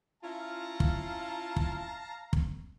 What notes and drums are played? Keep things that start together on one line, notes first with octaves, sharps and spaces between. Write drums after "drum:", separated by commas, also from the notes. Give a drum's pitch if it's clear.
C#4 E4 F4 F5 A5 A#5
drum: kick
drum: kick
drum: kick